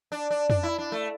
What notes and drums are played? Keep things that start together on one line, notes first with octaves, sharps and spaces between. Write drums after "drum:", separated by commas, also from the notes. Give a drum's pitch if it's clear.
D4
D4
D4, drum: tom F2
E4
D4
A3